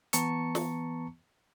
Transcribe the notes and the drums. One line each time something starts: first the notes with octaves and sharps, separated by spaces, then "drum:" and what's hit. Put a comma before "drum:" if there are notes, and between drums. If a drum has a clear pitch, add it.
E3 B3 A5 A#5 C#6 C#7, drum: hi-hat
drum: snare